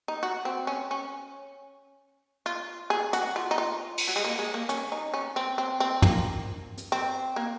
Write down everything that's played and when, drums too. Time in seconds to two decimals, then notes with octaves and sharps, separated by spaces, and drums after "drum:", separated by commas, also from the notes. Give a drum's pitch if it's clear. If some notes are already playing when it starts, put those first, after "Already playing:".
0.08 D#4
0.23 F#4
0.45 C4
0.67 C#4
0.91 C#4
2.46 F4
2.90 G#4
3.13 F#4, drum: hi-hat
3.36 F4
3.51 D#4
3.58 F4
3.98 drum: cymbal
4.08 F#3
4.16 G#3
4.24 A#3
4.39 G#3
4.54 A#3
4.69 C#4, drum: hi-hat
4.92 D#4
5.14 C#4
5.36 C4
5.58 C4
5.80 C4
6.02 A#3, drum: tom
6.78 drum: hi-hat
6.92 C4
7.36 A#3